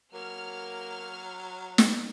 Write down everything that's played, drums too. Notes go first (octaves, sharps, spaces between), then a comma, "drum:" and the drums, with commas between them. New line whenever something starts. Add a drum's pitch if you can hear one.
F#3 A#3 F6
drum: snare